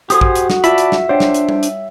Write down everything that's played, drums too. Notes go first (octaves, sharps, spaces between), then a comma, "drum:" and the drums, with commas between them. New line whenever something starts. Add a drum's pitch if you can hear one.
F#4 G4 A4 C5 G#5 D#6, drum: hi-hat
drum: kick A1
drum: hi-hat
drum: snare
F4 D5 E5 A5 B5, drum: hi-hat
drum: hi-hat
drum: snare
D4 C5 C#5 F#5 G5
drum: snare
drum: hi-hat
drum: tom G3
drum: hi-hat